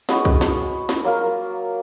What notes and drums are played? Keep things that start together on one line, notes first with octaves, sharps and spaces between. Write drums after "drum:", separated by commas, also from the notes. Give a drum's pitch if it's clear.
G#3 B3 F#4 C#5, drum: snare
drum: kick B1
drum: snare
drum: snare
F#3 A#3 F4 A#4